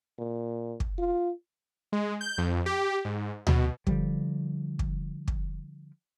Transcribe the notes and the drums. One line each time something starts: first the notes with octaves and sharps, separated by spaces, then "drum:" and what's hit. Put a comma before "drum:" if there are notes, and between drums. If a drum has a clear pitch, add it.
A#2
drum: kick
F4
G#3
G6
F2
G4
G#2
B2, drum: tom D2
D3 F3 G3, drum: kick
drum: kick
drum: kick